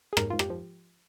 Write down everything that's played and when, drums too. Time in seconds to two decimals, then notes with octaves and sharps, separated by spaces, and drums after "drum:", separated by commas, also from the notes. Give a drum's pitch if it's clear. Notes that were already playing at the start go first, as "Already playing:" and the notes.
0.13 G#4
0.17 G#2 A#4, drum: rim click
0.30 G#2 F4
0.39 G4, drum: rim click
0.50 F3